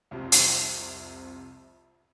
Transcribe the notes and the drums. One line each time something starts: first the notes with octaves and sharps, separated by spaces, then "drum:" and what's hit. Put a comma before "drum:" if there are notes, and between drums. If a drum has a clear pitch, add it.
C2 F2 C3
drum: hi-hat